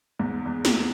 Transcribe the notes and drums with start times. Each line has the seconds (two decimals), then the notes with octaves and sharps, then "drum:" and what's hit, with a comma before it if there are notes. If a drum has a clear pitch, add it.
0.19 E2 G#2
0.46 E2
0.65 E2, drum: snare